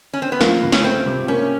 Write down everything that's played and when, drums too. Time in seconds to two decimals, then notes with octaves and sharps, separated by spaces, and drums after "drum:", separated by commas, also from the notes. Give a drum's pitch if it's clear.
0.13 C#4
0.22 C4
0.32 B3
0.41 F3 A#3, drum: snare
0.63 C#2
0.72 C#4, drum: snare
0.84 A3 C4
1.06 C3
1.28 A#3 C#4